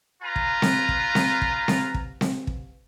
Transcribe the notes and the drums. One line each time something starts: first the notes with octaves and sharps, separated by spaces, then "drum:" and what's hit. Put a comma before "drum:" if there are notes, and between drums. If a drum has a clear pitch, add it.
F4 B4 G#5 A#5
drum: kick
drum: snare C4
drum: kick
drum: snare C4
drum: kick
drum: snare C4
drum: kick
drum: snare C4
drum: kick